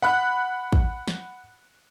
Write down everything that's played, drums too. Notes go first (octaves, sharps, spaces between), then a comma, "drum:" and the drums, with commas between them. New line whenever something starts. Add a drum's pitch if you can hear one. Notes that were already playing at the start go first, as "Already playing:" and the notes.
F#5 B5 F#6
drum: kick
drum: snare